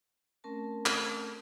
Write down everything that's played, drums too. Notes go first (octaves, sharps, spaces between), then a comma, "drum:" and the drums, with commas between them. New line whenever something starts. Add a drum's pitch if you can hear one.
A3 C4 C#4 A#4 A5
drum: clap